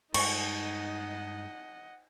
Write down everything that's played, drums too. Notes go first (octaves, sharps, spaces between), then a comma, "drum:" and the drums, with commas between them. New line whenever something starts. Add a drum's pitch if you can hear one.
G2 G#3 D#4 D#5 F#5 C#6, drum: cymbal